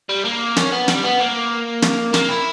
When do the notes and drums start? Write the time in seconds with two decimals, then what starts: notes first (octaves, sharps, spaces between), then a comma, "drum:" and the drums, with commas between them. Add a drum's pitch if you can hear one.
0.09 G3
0.25 A#3
0.56 C#4, drum: snare
0.72 B3
0.88 G3, drum: snare
1.04 B3
1.20 A#3
1.82 drum: snare
2.14 A#3, drum: snare
2.29 E4